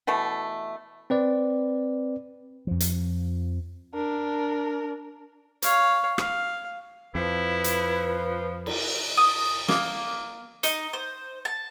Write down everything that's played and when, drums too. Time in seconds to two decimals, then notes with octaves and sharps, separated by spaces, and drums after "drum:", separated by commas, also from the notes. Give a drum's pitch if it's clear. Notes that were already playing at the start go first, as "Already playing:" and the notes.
0.07 B2 E3 A3
1.10 C4 B4 D5
2.67 F2 F3
2.80 drum: hi-hat
3.94 D4 A#4
5.62 C#5 F5, drum: hi-hat
6.18 F5, drum: rim click
7.15 F2 F3 E4 B4
7.64 drum: hi-hat
8.66 drum: cymbal
9.17 D#6
9.68 A#3, drum: snare
10.63 D#4, drum: hi-hat
10.93 C5
11.45 A5